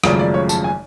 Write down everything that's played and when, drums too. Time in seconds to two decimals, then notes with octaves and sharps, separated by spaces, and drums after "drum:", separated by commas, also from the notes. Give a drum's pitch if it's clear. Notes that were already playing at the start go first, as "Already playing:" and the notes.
0.04 G#1 F#2 C#3 F3 A3 D5, drum: rim click
0.19 D5
0.34 C#5
0.49 A5, drum: tambourine
0.64 G#5